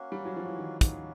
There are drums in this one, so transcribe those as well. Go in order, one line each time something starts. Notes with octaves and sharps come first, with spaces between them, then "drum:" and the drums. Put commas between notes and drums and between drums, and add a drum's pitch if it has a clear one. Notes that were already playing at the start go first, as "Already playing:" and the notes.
Already playing: A#3 C#4 F#4
G3
F#3
F3
E3
D#3
D#3 A#3 C#4 F#4, drum: kick, hi-hat